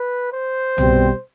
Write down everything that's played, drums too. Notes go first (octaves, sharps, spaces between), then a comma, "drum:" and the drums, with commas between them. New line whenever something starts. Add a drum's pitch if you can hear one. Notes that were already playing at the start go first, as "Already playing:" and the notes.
Already playing: B4
C5
B2 G3 C4, drum: tom